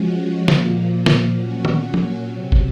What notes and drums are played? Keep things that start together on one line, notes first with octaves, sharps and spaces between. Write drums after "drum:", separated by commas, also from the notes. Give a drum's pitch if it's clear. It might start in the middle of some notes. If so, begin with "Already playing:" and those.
Already playing: F3 G#3 C#4 F#4
A#2 F3 A#3, drum: snare
drum: snare
A#2 F#3 C#4 F#4
drum: tom D#3
drum: tom F3
C3 F#3 C4
drum: kick